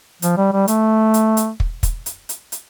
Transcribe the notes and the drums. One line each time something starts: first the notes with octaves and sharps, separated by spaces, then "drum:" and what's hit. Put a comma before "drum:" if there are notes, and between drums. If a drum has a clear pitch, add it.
F3, drum: hi-hat
G3
G3
A3, drum: hi-hat
drum: hi-hat
drum: hi-hat
drum: kick
drum: kick, hi-hat
drum: hi-hat
drum: hi-hat
drum: hi-hat